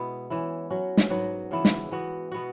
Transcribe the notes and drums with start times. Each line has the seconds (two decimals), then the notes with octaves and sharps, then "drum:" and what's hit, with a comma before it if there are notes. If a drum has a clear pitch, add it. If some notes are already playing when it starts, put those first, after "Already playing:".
Already playing: B2 G#3 B3 E4
0.30 E3 C#4 E4
0.70 F#3 C#4 F#4
0.97 drum: snare
1.10 G#2 F#3 B3 F#4
1.51 C#3 E3 B3 E4
1.65 drum: snare
1.91 E3 B3 F#4
2.32 B2 B3 F#4